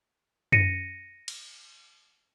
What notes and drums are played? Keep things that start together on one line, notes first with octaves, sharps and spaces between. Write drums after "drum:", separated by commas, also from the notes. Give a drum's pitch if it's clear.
A#6 C#7 D#7, drum: tom F#2
drum: cymbal